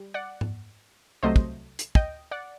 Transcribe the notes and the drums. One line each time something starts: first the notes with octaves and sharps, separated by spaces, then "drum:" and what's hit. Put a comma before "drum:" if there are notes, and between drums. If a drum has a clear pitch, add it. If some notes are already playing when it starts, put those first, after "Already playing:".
Already playing: G3
D5 F#5
drum: tom G#2
C2 C3 F#3 A3 C5 D#5
drum: kick
drum: hi-hat
D#5 G5, drum: kick
D5 F#5